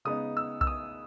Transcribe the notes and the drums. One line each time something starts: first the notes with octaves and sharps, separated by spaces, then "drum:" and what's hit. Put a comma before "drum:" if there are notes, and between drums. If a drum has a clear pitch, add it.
C#3 G#3 B3 D#4 D#6
E6
E6, drum: kick B1
D#6